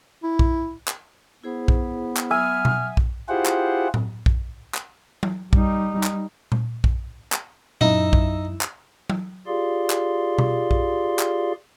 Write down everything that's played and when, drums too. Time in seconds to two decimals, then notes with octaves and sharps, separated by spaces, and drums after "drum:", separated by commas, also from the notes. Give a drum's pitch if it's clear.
0.23 E4
0.39 drum: kick A#1
0.88 drum: clap
1.44 B3 E4 G#4 C5
1.68 drum: kick A#1
2.17 drum: clap
2.31 F#3 E5 F#5 G#5 D#6 F6
2.65 drum: tom B2
2.97 drum: kick A#1
3.29 E4 F4 G4 G#4 C5 F#5
3.46 drum: clap
3.94 drum: tom A2
4.26 drum: kick A#1
4.74 drum: clap
5.23 drum: tom F#3
5.53 G3 D#4, drum: kick A#1
6.03 drum: clap
6.52 drum: tom A#2
6.84 drum: kick A#1
7.32 drum: clap
7.81 F#2 D#4 E4 E6, drum: tom A#2
8.13 drum: kick A#1
8.61 drum: clap
9.10 drum: tom F#3
9.47 F4 G4 G#4 D5 F5 C6
9.90 drum: clap
10.38 drum: tom B2
10.71 drum: kick A#1
11.19 drum: clap